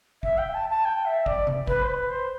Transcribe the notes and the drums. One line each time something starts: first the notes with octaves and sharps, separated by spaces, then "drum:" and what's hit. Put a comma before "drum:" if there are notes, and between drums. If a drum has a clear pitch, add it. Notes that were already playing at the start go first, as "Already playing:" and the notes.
E5, drum: kick
G5
A5
A5
G5
E5
D5, drum: kick
drum: tom C3
B4, drum: kick
C5
B4
C5